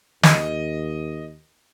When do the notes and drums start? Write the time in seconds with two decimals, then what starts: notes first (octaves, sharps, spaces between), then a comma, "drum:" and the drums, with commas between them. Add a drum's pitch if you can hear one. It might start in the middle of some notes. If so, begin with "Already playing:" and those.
0.23 D#2 D#5, drum: snare